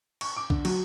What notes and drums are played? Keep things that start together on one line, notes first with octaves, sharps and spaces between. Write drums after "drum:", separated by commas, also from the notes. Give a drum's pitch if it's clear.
C#6, drum: cymbal
D6
D3, drum: kick B1
F#3, drum: cymbal